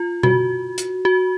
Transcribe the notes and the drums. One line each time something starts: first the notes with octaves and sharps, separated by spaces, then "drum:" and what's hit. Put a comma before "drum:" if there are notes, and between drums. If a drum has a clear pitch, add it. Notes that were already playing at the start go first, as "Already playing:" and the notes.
Already playing: F4
F#4, drum: tom B2
drum: hi-hat
F#4